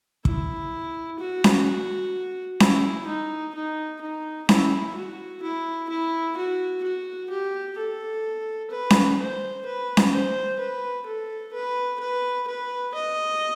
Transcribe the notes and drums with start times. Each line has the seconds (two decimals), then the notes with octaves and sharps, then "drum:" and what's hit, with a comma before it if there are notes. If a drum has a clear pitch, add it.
0.25 E4, drum: kick
1.19 F#4
1.44 drum: snare C#4
2.60 E4, drum: snare C#4
3.07 D#4
3.55 D#4
4.01 D#4
4.49 E4, drum: snare C#4
4.95 F#4
5.43 E4
5.89 E4
6.37 F#4
6.84 F#4
7.30 G4
7.78 A4
8.71 B4
8.90 drum: snare C#4
9.19 C5
9.66 B4
9.97 drum: snare C#4
10.13 C5
10.59 B4
11.06 A4
11.53 B4
12.00 B4
12.48 B4
12.95 D#5